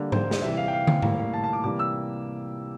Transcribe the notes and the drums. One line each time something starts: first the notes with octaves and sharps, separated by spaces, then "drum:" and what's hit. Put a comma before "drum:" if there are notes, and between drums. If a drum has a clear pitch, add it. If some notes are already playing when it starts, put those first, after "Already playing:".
Already playing: D3 G3 A#3
C5, drum: tom G#2
drum: snare
C3 E3 G3 E5
F5
G5
F5
drum: tom
A2 G3 A#3, drum: tom G#2
A5
A5
D6
C3 E3 G3 A#3 D6
E6